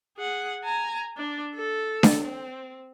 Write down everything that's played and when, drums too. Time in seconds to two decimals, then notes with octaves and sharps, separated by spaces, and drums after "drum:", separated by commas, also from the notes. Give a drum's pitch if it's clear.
0.17 G#4 F#5
0.64 G#5 A#5
1.17 D4
1.55 A4
2.03 drum: snare D4
2.23 C4